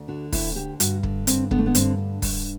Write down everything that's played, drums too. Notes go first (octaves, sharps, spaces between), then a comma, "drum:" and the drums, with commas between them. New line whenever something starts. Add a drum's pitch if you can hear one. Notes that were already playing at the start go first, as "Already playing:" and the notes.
Already playing: D2
D3 F#4
D2 E4, drum: kick, open hi-hat
D3 G4
G2 F#4, drum: hi-hat
D3, drum: kick
G2 C4, drum: hi-hat
D3 B3, drum: kick
A3
B3
G2 C4, drum: hi-hat
D3
G2, drum: kick, open hi-hat